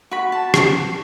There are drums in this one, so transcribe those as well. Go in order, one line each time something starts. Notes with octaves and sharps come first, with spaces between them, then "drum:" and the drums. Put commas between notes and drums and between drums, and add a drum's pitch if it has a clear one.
F#4 B5
A5
drum: rim click